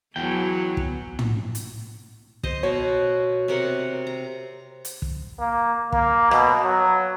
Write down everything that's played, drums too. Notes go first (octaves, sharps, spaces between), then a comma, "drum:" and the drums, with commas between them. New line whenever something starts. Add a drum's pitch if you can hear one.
E2 E3 F#3 G5
drum: kick
drum: tom
drum: hi-hat
C5 D#5, drum: kick
B2 C#5
C3 A#4 F#5
A#5
drum: hi-hat
drum: kick
A#3
A#3, drum: kick
B2, drum: rim click
F#3